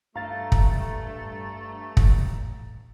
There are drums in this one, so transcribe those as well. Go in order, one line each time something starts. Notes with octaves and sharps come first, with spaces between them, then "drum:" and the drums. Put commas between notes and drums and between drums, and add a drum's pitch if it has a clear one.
G2 A3 F5 A#5 A6
drum: kick
drum: kick